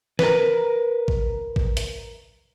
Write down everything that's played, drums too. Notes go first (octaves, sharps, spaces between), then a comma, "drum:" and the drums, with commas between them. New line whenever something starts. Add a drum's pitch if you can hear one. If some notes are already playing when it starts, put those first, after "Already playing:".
A#4 B4, drum: snare
drum: kick A1
drum: kick A1
drum: hi-hat